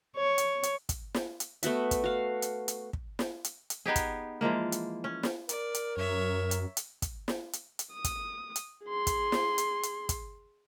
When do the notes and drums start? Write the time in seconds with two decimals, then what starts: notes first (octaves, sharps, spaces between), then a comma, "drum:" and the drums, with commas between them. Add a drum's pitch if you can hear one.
0.16 C#5
0.38 drum: hi-hat
0.63 drum: hi-hat
0.89 drum: kick, hi-hat
1.14 drum: snare
1.40 drum: hi-hat
1.63 A3 B3 F#4 E5, drum: hi-hat
1.91 drum: kick, hi-hat
2.04 F#4 F5
2.42 drum: hi-hat
2.68 drum: hi-hat
2.93 drum: kick
3.19 drum: snare
3.44 drum: hi-hat
3.70 drum: hi-hat
3.86 B3 D#4 G4 G#4
3.96 drum: kick, hi-hat
4.41 E3 F3 G#3 A#3
4.72 drum: hi-hat
5.04 C#4
5.23 drum: snare
5.49 A#4 D5, drum: hi-hat
5.74 drum: hi-hat
5.97 F#2 C#5 E5
6.51 drum: hi-hat
6.77 drum: hi-hat
7.02 drum: kick, hi-hat
7.28 drum: snare
7.53 drum: hi-hat
7.79 drum: hi-hat
7.94 D#6
8.04 drum: kick, hi-hat
8.56 drum: hi-hat
8.86 G#4 C6
9.07 drum: kick, hi-hat
9.32 drum: snare
9.58 drum: hi-hat
9.83 drum: hi-hat
10.09 drum: kick, hi-hat